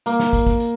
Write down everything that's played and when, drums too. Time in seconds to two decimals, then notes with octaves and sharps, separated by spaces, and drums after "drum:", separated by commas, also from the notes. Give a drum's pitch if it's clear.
0.06 A#3, drum: hi-hat
0.19 drum: snare
0.33 drum: kick, hi-hat
0.47 drum: kick, hi-hat
0.60 drum: hi-hat